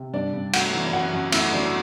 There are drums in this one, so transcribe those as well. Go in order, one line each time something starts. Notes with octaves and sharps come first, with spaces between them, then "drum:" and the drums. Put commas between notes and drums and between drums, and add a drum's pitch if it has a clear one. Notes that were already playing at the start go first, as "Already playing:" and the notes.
Already playing: C3
G2 D4 D5
G2
A3 F#4 F#5, drum: cymbal
E3
F#2 F#4 F#5
F#2
A3 E4 E5, drum: cymbal
F#3 D4 D5